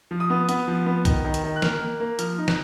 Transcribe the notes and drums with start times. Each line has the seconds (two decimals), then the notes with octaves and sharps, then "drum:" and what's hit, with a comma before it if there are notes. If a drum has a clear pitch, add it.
0.11 F3
0.20 D#6
0.30 B3
0.49 B3, drum: hi-hat
0.68 F3
0.86 B3
1.05 D#3, drum: kick B1, hi-hat
1.24 D#3
1.34 drum: hi-hat
1.44 D#3
1.56 F#6
1.62 A#3 F6, drum: snare
1.82 A#3
2.00 A#3
2.19 F3 F6, drum: hi-hat
2.38 D#4
2.48 F#6, drum: snare